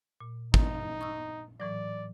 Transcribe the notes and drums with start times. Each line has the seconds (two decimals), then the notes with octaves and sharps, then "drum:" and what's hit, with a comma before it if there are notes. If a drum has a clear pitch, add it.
0.20 A#2
0.54 D#4, drum: kick
1.01 C#6 D#6 E6
1.60 A2 E3 F#3 D5